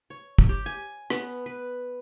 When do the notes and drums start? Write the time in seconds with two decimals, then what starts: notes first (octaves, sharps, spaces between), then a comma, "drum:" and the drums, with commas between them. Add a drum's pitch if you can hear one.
0.10 C#5
0.38 drum: kick
0.49 G4
0.66 G#5
1.10 B3, drum: rim click
1.46 B4